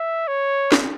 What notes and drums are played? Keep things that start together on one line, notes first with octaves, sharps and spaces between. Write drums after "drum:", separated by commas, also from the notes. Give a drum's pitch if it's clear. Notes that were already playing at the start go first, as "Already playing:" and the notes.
Already playing: E5
C#5
drum: snare